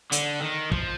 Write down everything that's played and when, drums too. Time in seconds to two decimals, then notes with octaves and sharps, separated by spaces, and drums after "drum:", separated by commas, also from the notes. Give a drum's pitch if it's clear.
0.12 D3, drum: hi-hat
0.42 D#3
0.72 F3, drum: kick